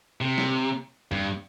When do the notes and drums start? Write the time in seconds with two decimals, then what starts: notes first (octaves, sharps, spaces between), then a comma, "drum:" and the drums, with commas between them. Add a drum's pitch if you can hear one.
0.21 C3
0.38 drum: snare
1.12 G2, drum: tom E2